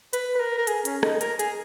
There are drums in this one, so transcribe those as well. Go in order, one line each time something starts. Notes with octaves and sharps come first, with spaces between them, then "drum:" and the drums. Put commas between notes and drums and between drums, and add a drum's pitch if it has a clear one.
B4, drum: hi-hat
B4
A#4
A#4
G#4, drum: hi-hat
C#4, drum: hi-hat
D#4, drum: rim click
A#4, drum: hi-hat
G#4, drum: hi-hat